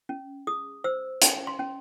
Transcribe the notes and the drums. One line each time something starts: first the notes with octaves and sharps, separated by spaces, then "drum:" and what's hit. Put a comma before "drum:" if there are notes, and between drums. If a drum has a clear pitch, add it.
C#4
G#4 D#6
C5 E6
C#4 A5, drum: hi-hat
C6
C#4